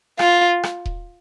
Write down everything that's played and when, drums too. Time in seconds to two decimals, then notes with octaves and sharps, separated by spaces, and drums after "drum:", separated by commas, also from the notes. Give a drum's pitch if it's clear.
0.19 F4, drum: rim click
0.63 drum: rim click
0.86 drum: kick D#1